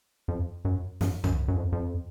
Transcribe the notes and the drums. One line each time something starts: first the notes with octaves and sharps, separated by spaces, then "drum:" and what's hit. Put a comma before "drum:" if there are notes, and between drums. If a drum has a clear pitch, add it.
F2
F#2
F#2, drum: snare
F#2, drum: tom C2
F#2
F2
F2